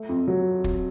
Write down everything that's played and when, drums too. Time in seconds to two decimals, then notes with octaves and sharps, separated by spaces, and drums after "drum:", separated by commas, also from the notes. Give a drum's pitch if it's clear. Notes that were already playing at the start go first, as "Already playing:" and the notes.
Already playing: A3
0.09 F2
0.28 F#3
0.64 drum: kick